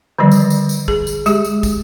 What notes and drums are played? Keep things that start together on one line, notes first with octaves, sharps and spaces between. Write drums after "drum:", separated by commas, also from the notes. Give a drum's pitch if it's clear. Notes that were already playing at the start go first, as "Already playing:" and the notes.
D3 D#3 F3 G3 D5
drum: tambourine
drum: tambourine
drum: tambourine
G#4, drum: kick
drum: tambourine
G#3 G4 G#4, drum: tambourine
drum: tambourine
drum: kick, tambourine